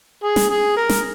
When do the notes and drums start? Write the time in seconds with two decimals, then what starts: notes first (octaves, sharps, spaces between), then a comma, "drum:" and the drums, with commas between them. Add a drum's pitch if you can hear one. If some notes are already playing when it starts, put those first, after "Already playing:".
0.23 G#4
0.36 drum: snare
0.50 G#4
0.77 A#4
0.90 drum: snare